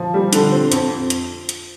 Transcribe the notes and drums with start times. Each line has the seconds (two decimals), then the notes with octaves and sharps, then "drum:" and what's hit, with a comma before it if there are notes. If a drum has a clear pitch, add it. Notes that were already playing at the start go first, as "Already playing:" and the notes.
Already playing: F3 F4
0.14 G3
0.33 D3, drum: hi-hat
0.52 C4
0.72 F2, drum: hi-hat
1.10 drum: hi-hat
1.49 drum: hi-hat